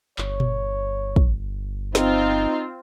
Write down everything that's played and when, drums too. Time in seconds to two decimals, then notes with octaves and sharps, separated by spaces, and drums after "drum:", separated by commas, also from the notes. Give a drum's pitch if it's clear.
0.18 G1 C#5, drum: clap
0.40 drum: tom A#2
1.16 drum: kick
1.95 C4 D#4 F4, drum: snare